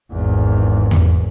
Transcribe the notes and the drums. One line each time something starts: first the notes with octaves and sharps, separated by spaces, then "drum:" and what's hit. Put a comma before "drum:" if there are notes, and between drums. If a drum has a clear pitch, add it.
G#1 E2
drum: tom E2